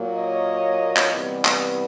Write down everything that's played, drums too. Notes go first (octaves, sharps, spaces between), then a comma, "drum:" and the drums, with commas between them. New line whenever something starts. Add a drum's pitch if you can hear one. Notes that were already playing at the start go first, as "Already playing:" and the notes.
Already playing: A#2 F#3 A#3
C#5 D#5
drum: clap
C3 E3 G3 B3
drum: clap